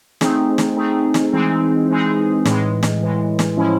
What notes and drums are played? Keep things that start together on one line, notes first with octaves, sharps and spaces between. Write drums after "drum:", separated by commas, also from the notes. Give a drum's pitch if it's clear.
A3 C4 D#4 G#4, drum: snare
drum: snare
A3 C4 D#4 G#4
drum: snare
E3 G#3 C4 D#4 G#4
E3 G#3 C4 D#4 G#4
A2 E3 G#3, drum: snare
drum: snare
A2 E3 G#3
drum: snare
A2 F3 G#3 C#4 E4